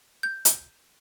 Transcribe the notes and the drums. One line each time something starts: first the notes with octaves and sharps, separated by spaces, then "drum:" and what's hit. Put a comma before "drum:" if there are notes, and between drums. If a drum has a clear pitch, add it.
G6
drum: hi-hat